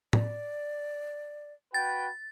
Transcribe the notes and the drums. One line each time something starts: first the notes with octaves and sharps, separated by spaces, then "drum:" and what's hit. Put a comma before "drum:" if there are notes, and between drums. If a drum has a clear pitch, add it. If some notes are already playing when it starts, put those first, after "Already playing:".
D5, drum: tom A2
F#4 B4 G5 A6